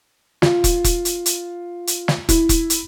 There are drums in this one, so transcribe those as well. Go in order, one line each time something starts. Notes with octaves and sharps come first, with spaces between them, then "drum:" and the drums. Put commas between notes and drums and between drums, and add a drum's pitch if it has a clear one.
F4, drum: snare
drum: kick, hi-hat
drum: kick, hi-hat
drum: hi-hat
drum: hi-hat
drum: hi-hat
drum: snare
E4, drum: kick, hi-hat
drum: kick, hi-hat
drum: hi-hat